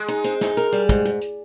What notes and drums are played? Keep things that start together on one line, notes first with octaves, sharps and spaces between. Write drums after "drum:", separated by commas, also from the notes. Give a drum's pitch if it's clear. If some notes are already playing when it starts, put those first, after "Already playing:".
Already playing: G#3
D#4
C4, drum: hi-hat
D#4, drum: snare
A#4, drum: hi-hat
G3
G#2, drum: kick, hi-hat
G#2
drum: hi-hat